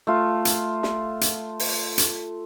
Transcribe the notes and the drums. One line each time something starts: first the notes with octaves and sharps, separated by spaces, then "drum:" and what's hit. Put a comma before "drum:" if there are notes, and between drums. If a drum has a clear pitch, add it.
A3 F4
drum: hi-hat
drum: snare
drum: hi-hat
drum: open hi-hat
drum: hi-hat